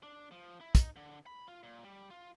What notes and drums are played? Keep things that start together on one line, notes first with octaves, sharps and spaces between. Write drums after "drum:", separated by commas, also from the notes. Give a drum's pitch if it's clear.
D4
F3
E4
D#4, drum: kick, hi-hat
D3
B5
F4
A#2
G3
F4